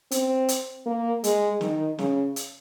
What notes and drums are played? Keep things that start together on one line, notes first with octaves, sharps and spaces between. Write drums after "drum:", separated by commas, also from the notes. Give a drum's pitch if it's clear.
C4, drum: hi-hat
drum: hi-hat
A#3
G#3, drum: hi-hat
D#3, drum: snare
C#3, drum: snare
drum: hi-hat